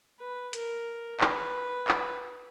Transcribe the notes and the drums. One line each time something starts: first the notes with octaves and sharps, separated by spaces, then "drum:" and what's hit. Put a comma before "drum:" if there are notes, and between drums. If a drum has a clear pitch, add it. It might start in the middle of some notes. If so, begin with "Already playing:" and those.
B4
A#4, drum: hi-hat
B4, drum: clap
drum: clap